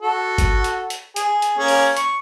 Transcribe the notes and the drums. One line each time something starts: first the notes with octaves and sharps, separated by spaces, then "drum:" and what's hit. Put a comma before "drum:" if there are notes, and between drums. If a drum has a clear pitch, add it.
F#4 A4
drum: kick G1, hi-hat
drum: hi-hat
drum: hi-hat
G#4, drum: hi-hat
drum: hi-hat
A#3 C#4 G#4
drum: open hi-hat
C#6, drum: hi-hat